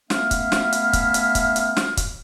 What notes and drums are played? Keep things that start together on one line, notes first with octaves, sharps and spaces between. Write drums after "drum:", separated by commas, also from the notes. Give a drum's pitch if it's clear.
A3 B3 C#4 E5 F5 F6, drum: snare
drum: kick, hi-hat
drum: snare
drum: hi-hat
drum: kick, hi-hat
drum: hi-hat
drum: kick, hi-hat
drum: hi-hat
drum: snare
drum: kick, hi-hat